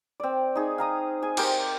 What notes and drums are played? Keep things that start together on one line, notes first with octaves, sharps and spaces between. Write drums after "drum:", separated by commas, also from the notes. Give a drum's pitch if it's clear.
C4 D5
D#4 G#4
F5 A#5 D#6
G#4 G#5
G4 A#4 C5, drum: cymbal